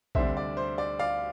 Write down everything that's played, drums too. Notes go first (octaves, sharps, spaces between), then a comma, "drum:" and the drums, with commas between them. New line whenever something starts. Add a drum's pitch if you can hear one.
D2 C3 G3 D4 C5 E5, drum: kick A#1
D5
C5
D5
D5 F5